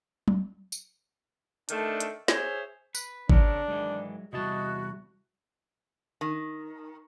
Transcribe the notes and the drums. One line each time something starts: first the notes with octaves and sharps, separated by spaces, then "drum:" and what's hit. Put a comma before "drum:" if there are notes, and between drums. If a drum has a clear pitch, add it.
drum: tom F#3
drum: tambourine
D3 D#3 A3 D4, drum: hi-hat
drum: hi-hat
G#4 C5 C#5 E5, drum: snare
B4, drum: tambourine
C#3 C4 D4 A#4, drum: kick G#1
G#2 D#3 E3 F#3 G#3
E2 C3 G3 E4 F#4 D#5 A5
D#3